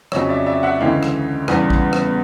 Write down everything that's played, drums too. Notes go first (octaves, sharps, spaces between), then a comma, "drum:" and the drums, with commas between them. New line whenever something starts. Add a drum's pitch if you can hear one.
F2 C#3 F#3 C#5 D#5, drum: rim click
D5 E5
D5 E5
E5 F#5
D2 C#3 E3 G#3 F5 G5
drum: rim click
E2 C#3 E3 G3, drum: rim click
drum: kick
drum: rim click